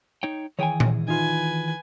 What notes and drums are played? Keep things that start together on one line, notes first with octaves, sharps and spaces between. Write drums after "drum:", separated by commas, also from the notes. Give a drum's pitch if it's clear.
D#4 C#5 G5
D#3 E3 G#4 C#5 G5 G#5
drum: tom A#2
D#4 F4 B4 G#5